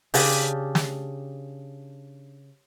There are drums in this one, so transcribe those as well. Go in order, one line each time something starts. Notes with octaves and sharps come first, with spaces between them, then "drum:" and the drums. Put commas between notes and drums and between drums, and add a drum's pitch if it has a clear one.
C#3 D4 G4, drum: open hi-hat
drum: snare